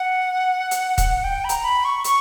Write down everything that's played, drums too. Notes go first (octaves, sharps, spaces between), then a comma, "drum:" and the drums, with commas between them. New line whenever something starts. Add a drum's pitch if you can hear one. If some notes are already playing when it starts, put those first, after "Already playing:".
Already playing: F#5
drum: hi-hat
drum: kick, hi-hat
G5
B5
A#5, drum: hi-hat
B5
C#6
C#6, drum: hi-hat